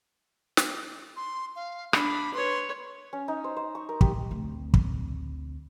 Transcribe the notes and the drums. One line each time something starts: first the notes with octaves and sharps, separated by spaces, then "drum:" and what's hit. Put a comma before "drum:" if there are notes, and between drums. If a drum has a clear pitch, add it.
drum: snare
C6
F5
D4 B5, drum: rim click
B4 C#5 C6
C#4
D#4
C5
C5
C#6
A#4
G4, drum: kick
D2 C4
drum: kick